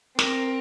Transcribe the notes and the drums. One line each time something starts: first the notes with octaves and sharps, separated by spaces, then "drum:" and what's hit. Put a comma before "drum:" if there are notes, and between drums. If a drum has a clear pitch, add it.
C4 A#4, drum: snare